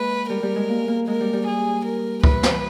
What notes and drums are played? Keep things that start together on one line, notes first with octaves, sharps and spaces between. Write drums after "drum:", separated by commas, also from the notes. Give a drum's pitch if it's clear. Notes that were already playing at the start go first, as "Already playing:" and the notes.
Already playing: G#3 A#3 B4
G3 A#4
G3
G#3
A#3
A#3
G#3 A#4
G3
G3
G#4
A#4
E3 B4, drum: kick C#2
drum: snare